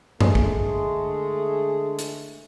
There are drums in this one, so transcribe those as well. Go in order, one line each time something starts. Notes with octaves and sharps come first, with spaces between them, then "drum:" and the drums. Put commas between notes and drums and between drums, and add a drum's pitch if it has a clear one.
D3 G#3 A3 G#4, drum: tom F#2
drum: kick
drum: hi-hat